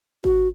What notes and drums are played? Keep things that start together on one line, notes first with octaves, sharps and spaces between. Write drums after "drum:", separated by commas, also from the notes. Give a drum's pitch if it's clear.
F#4, drum: kick G#1